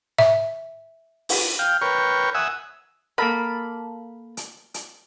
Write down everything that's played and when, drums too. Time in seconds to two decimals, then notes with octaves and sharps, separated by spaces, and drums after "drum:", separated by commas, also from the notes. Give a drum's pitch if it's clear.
0.19 E5, drum: snare
1.29 drum: open hi-hat
1.59 F5 G5
1.82 A#4 B4 C#5 G5 C#6
2.35 E5 F#5 G#5 D#6 E6
3.18 A#3 A4 A#4 B5
4.37 drum: hi-hat
4.74 drum: hi-hat